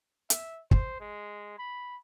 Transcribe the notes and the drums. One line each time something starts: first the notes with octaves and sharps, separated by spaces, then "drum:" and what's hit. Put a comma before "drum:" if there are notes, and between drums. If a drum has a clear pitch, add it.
E5, drum: hi-hat
C5, drum: kick
G#3
B5